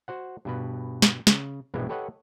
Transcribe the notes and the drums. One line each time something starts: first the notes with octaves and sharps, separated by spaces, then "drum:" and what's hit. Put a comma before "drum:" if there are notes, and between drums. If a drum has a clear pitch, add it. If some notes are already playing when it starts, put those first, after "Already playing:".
F#4 C5 F#5
G2 B2 B4
drum: snare
C#3, drum: snare
A#1 G2 B2 E3 G#3
G4 A4 B4 C#5 D#5 F#5